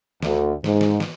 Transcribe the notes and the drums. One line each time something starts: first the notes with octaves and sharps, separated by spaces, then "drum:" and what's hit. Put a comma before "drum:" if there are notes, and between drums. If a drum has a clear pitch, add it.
D2, drum: snare
G#2, drum: snare
drum: snare
drum: snare